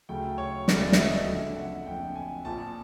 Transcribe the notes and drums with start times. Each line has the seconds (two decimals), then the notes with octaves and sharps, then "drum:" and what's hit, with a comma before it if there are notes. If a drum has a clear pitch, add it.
0.09 D2 C#3 F#3 A3 G5
0.38 C#5
0.68 D2 C#3 F#3 A3 D5, drum: snare
0.92 E5, drum: snare
0.98 D#5
1.27 F#1 F2 D3 E5
1.56 F#5
1.86 F#1 F2 D3 G5
2.15 G#5
2.45 A#1 A#2 F3 A5